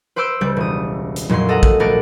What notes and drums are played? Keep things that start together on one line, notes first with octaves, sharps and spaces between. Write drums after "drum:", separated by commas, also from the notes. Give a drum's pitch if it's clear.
B4 C5 C6 D6 E6 G6
C#2 G3 G6
E1 D#6
drum: hi-hat
F2 A#2 F#3 C#4 C6, drum: tom F#3
A4 D#5 F#5 A#5
drum: kick
A#1 A3 A#4 F#5 D6 A6